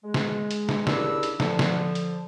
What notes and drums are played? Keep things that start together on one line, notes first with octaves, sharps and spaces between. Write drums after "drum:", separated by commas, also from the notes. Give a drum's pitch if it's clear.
G#3
drum: snare
drum: hi-hat
drum: snare
C#2 D4 E4 G4 A#4 E6, drum: snare
drum: hi-hat
D3 F3, drum: snare
drum: snare
drum: hi-hat